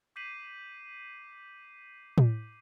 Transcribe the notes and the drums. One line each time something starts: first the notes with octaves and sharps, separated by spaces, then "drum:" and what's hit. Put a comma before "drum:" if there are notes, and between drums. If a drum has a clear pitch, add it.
D6 G6 B6 C7 D#7 F#7
drum: tom A2